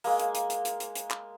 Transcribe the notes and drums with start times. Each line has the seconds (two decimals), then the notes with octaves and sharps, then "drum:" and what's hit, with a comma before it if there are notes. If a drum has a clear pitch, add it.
0.04 G#3 A#3, drum: open hi-hat
0.19 drum: hi-hat
0.35 drum: hi-hat
0.50 drum: hi-hat
0.65 drum: hi-hat
0.80 drum: hi-hat
0.95 drum: hi-hat
1.11 drum: clap